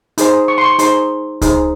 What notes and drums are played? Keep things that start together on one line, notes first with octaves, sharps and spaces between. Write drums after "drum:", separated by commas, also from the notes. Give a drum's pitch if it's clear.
D#4 G#4 C5, drum: hi-hat
C#6
C6
C#6
D#4 G#4 C5 C6, drum: hi-hat
D#4 G#4 C5, drum: kick C#2, hi-hat